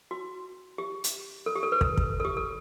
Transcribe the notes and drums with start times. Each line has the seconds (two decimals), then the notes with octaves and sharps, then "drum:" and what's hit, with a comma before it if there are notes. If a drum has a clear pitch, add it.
0.11 F#4
0.78 G4
1.04 drum: hi-hat
1.46 A4
1.56 G4
1.63 A4
1.72 B4
1.81 A4, drum: kick
1.97 drum: kick
2.20 A4
2.25 G4
2.37 A4